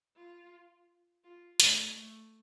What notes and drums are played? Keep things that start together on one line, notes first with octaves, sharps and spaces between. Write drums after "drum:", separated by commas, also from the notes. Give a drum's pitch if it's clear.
F4
F4
A3, drum: hi-hat
A3